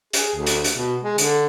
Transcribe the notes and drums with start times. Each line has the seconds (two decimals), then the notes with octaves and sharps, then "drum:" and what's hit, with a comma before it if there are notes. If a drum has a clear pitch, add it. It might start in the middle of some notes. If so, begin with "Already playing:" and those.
0.13 G#4, drum: hi-hat
0.35 D2
0.46 drum: hi-hat
0.64 drum: hi-hat
0.74 B2
1.03 G#3
1.18 D3, drum: hi-hat